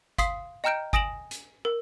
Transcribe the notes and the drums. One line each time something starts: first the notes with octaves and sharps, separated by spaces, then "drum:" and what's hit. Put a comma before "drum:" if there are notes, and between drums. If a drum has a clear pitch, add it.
F5 C6 D#6 B6 C7, drum: kick G1, hi-hat
D#5 G5 A#5 F6 G6 D7
G#5 D#6 A#6 D7 E7 F#7, drum: kick G1
drum: hi-hat
A#4